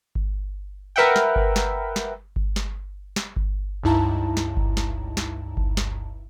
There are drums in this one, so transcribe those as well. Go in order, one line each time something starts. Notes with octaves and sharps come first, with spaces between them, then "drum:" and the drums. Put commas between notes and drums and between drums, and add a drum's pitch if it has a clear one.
drum: kick G1
A#4 B4 E5 F#5 G5
drum: snare
drum: kick G1
drum: snare
drum: snare
drum: kick G1
drum: snare
drum: snare
drum: kick G1
C#2 G2 D#4 E4 A5 A#5
drum: snare
drum: kick G1
drum: snare
drum: snare
drum: kick G1
drum: snare